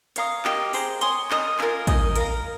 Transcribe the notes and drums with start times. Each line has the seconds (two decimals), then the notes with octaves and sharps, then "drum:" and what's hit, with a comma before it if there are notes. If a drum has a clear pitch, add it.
0.16 C#5 F5 A#5 D#6, drum: hi-hat
0.45 G4 A#4 D#5, drum: clap
0.73 G#4 C5 G5 A#5, drum: open hi-hat
1.01 C#5 G#5 C6 D#6, drum: hi-hat
1.31 A#4 D#5 A#5 D#6, drum: clap
1.59 F4 A#4 F5 G#5, drum: clap
1.87 D#4 A#4 D#5 G#5, drum: kick, hi-hat
2.16 A#4 F5 A#5, drum: hi-hat